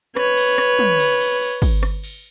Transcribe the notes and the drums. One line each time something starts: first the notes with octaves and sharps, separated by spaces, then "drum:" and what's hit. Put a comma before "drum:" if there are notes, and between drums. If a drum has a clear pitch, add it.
B4 C#5, drum: rim click
drum: cymbal
drum: rim click
drum: tom
drum: cymbal
drum: cymbal
drum: cymbal
drum: kick, cymbal
drum: rim click
drum: cymbal